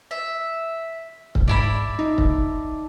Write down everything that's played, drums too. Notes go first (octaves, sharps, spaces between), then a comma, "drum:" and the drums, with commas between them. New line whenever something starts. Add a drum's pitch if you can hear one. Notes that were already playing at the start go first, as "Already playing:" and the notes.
E5
drum: kick C#1
G#2 D4 E4 B5
D#4
drum: kick C#1